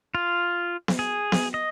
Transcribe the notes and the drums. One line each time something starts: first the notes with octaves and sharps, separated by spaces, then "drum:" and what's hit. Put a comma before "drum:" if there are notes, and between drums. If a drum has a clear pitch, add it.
F4
drum: snare B3
G#4
drum: snare B3
D#5